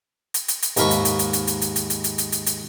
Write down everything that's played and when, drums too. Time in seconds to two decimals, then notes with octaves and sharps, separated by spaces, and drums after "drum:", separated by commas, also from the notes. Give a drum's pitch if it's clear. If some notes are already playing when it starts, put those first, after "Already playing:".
0.34 drum: hi-hat
0.48 drum: hi-hat
0.62 drum: hi-hat
0.77 D#2 G#2 A#4 B5 C#6, drum: hi-hat
0.91 drum: hi-hat
1.05 drum: hi-hat
1.19 drum: hi-hat
1.33 drum: hi-hat
1.47 drum: hi-hat
1.62 drum: hi-hat
1.76 drum: hi-hat
1.90 drum: hi-hat
2.04 drum: hi-hat
2.18 drum: hi-hat
2.32 drum: hi-hat
2.46 drum: hi-hat